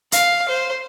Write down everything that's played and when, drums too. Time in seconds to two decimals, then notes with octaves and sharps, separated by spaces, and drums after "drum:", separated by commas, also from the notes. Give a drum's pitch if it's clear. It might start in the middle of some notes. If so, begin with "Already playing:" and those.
0.12 F5, drum: hi-hat
0.49 C5